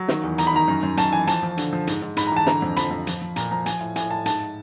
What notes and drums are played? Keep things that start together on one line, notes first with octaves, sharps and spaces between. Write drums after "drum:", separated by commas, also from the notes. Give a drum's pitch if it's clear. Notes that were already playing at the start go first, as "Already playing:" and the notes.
Already playing: F#3
D#3, drum: snare
E2
E2 A#5, drum: hi-hat
B5
D#3 A#5
F#2
F#2
F#2 A5, drum: hi-hat
E3 G#5
F3 A5, drum: hi-hat
F3
D3, drum: hi-hat
F3
G#2, drum: hi-hat
G#2
G#2 B5, drum: hi-hat
A#5
E3 A5
D3 A#5, drum: snare
F2
F3 B5, drum: hi-hat
F2
F3, drum: hi-hat
F3
A#2 A#5, drum: hi-hat
F3 A#5
F3 G#5, drum: hi-hat
A2
A2 G#5, drum: hi-hat
A2 A5
G#2 A5, drum: hi-hat